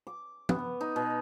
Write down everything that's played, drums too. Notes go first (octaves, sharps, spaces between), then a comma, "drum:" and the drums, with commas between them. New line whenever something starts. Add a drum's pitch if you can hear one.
D6
B3, drum: tom
D#4
B2